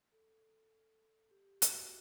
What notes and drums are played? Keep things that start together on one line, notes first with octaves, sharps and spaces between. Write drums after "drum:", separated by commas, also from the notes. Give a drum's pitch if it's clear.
A4
G4
F#4, drum: hi-hat